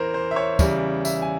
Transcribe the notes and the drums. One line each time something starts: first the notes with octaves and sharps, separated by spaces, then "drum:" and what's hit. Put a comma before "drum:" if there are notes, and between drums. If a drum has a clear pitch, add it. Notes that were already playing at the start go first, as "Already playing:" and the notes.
Already playing: E2 E3 A#4 C5
C5
E5
C#5
E2 C#3 G3 E5, drum: kick, tambourine
E5, drum: tambourine
G#5